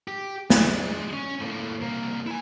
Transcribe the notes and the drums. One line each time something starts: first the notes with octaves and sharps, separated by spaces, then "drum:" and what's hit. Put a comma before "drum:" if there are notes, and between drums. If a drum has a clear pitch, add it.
G4
G#3 D4, drum: snare
C#4
A2 A#3
C2 A#3
E4 G#5